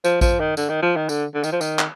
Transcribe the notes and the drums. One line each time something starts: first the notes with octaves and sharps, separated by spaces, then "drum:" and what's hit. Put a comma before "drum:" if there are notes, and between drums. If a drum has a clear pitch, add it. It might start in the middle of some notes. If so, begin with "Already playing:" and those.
F3, drum: tambourine
F3, drum: kick A1, tambourine
D#3
D3, drum: tambourine
D#3
F3
D#3
D3, drum: tambourine
D3
D#3, drum: tambourine
F3
D#3, drum: tambourine
drum: clap